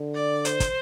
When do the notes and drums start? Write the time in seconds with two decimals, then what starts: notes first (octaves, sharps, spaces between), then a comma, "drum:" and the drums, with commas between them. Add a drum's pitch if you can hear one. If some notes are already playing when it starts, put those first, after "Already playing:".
Already playing: D3
0.15 D5
0.45 C5, drum: hi-hat
0.60 drum: kick, hi-hat